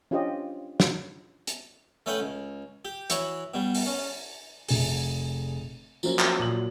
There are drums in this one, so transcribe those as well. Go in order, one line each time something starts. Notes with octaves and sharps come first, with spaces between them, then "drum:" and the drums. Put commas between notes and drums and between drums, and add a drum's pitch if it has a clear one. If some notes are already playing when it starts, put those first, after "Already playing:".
C#4 D4 F4 G4 C5 D#5
drum: snare
drum: hi-hat
A3 C#4 B4 F#5 G5
C#2
G4
E3 E4 F#4 C#5, drum: hi-hat
B2 G3
drum: open hi-hat
C#4
F1 G#4, drum: open hi-hat
F3 F#3 A#3 C#4 A#4 C5, drum: tambourine
drum: clap
A#2 F#3 F#7